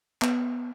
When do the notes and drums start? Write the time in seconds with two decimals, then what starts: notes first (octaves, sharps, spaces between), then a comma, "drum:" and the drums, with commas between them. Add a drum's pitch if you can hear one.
0.22 B3, drum: clap